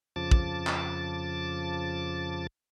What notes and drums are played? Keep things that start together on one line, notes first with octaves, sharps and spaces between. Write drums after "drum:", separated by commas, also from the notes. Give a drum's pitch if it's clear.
F2 C#3 F3 A5 D6 A6
drum: kick
drum: clap